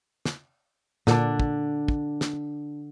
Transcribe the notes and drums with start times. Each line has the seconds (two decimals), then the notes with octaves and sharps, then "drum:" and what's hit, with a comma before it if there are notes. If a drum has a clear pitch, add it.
0.25 drum: snare
1.07 A#2 D3 D4, drum: snare
1.40 drum: kick
1.88 drum: kick
2.21 drum: snare